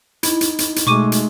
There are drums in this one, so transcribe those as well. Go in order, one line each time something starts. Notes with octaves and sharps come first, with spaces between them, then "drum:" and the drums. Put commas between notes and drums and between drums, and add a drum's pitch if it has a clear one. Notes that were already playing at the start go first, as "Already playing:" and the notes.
D#4 E4, drum: hi-hat
drum: hi-hat
drum: hi-hat
drum: hi-hat
B2 G#3 A3 C#6 D6 D#7
drum: hi-hat